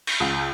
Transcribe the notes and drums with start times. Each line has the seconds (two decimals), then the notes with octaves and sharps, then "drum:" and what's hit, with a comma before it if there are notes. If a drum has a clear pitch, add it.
0.07 drum: cymbal
0.20 C#2